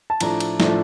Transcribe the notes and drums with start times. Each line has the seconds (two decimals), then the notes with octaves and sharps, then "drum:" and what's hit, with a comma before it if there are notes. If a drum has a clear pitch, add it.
0.10 A5
0.21 A2 F3 A3 D4 A#5, drum: cymbal
0.40 drum: cymbal
0.60 A2 F3 A3 D4, drum: snare